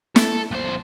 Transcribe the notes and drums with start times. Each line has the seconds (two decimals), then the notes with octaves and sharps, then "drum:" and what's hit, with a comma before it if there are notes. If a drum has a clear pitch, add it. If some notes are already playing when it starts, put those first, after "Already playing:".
0.16 A4, drum: snare
0.52 B1 C5